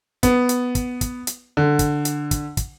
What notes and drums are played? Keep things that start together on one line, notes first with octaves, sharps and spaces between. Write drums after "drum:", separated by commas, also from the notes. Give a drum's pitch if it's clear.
B3, drum: kick, hi-hat
drum: hi-hat
drum: kick, hi-hat
drum: kick, hi-hat
drum: hi-hat
D3
drum: kick, hi-hat
drum: hi-hat
drum: kick, hi-hat
drum: kick, hi-hat